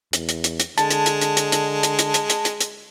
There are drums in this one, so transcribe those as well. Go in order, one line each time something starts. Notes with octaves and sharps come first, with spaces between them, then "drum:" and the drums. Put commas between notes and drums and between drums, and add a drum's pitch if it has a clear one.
E2, drum: hi-hat
drum: hi-hat
drum: hi-hat
drum: hi-hat
D3 G#3 A5, drum: hi-hat
drum: hi-hat
drum: hi-hat
drum: hi-hat
drum: hi-hat
drum: hi-hat
drum: hi-hat
drum: hi-hat
drum: hi-hat
drum: hi-hat
drum: hi-hat
drum: hi-hat